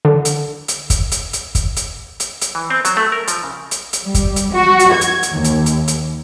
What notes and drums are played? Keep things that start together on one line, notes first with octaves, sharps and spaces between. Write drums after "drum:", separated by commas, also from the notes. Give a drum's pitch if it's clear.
D3
drum: hi-hat
drum: hi-hat
drum: kick, hi-hat
drum: hi-hat
drum: hi-hat
drum: kick, hi-hat
drum: hi-hat
drum: hi-hat
drum: hi-hat
E3
C4
F#3, drum: hi-hat
A3
A#4
F3, drum: hi-hat
C#3
drum: hi-hat
drum: hi-hat
G3
drum: kick, hi-hat
drum: hi-hat
F#4
drum: hi-hat
G#6
drum: hi-hat
drum: hi-hat
D#2
drum: hi-hat
drum: hi-hat
drum: hi-hat